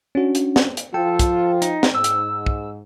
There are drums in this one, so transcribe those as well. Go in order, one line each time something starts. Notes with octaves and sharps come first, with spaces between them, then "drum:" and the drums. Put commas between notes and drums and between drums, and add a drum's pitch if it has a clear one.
C#4 D4 F#4
drum: hi-hat
drum: snare
drum: hi-hat
F3 F4 A4 G5
drum: kick, hi-hat
D#4, drum: hi-hat
drum: snare
G#2 E6
drum: hi-hat
drum: kick